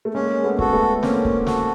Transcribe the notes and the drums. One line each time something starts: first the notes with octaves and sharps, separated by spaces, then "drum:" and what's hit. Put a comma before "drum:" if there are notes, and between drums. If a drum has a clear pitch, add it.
A3
G#3 A#3 C#4
A3 B3
F#4 A4, drum: kick C#1
A3 B3
A#3 C4 C#4, drum: snare
drum: kick C#1
F#4 A4, drum: snare